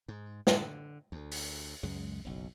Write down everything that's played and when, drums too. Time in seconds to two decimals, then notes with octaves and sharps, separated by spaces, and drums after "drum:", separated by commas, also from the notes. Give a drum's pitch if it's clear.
0.08 G#2
0.47 D3, drum: snare
1.12 D2
1.31 drum: open hi-hat
1.83 C#2 F#2 G#3
2.25 F#1 B1